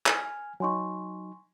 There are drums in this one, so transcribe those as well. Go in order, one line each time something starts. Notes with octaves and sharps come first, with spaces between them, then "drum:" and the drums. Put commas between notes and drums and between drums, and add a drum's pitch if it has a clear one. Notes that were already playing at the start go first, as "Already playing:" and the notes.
G#5 F6, drum: clap
F#3 D#4 G#5 C6 C#6